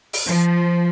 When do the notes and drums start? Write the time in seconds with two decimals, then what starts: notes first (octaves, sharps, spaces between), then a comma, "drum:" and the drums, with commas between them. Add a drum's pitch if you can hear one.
0.13 drum: open hi-hat
0.26 F3